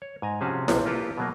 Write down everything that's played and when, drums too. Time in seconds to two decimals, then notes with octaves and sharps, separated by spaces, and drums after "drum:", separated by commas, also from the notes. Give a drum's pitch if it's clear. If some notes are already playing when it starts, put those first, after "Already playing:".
0.02 C#5
0.22 G#2 G#5 A#5
0.41 C3 F3 C#4 F#4 G#4 A5
0.68 B1 C3 F3 B3 C5, drum: snare E4
0.85 A#3 F4 G4 A4 B4
1.18 B2 F#3 A#3